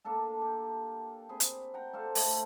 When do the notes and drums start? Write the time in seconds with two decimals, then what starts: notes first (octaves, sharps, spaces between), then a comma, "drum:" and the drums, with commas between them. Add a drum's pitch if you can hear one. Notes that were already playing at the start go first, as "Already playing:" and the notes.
0.05 A#3 D4 A4 A5
0.42 G4
1.29 C4 G#4 B4
1.40 drum: hi-hat
1.74 F#5 G5 A#5
1.93 D4 A4 C5 F5
2.15 A3, drum: open hi-hat